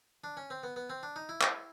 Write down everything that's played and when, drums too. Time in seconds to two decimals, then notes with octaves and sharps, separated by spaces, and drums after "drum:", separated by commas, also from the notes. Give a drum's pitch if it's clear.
0.24 D4
0.37 C#4
0.50 C4
0.63 B3
0.76 B3
0.90 C4
1.03 D4
1.16 D#4
1.29 E4
1.41 drum: clap